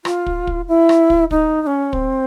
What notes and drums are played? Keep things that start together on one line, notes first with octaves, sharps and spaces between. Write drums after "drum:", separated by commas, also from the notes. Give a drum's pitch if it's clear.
F4, drum: rim click
drum: kick
drum: kick
E4
drum: rim click
drum: kick
D#4, drum: kick
D#4
C#4
C4, drum: kick